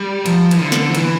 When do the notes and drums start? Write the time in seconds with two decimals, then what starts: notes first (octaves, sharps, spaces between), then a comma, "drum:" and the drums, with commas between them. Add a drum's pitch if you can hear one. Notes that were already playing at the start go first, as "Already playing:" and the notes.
Already playing: G3
0.26 F3, drum: cymbal
0.51 E3, drum: cymbal
0.60 D3
0.72 drum: snare
0.90 F3
0.95 E3, drum: cymbal